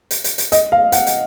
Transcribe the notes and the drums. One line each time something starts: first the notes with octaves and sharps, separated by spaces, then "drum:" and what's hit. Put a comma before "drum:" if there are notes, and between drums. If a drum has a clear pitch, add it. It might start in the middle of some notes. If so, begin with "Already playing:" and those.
drum: hi-hat
drum: hi-hat
drum: hi-hat
D#5, drum: hi-hat
F5
F#5, drum: hi-hat
drum: hi-hat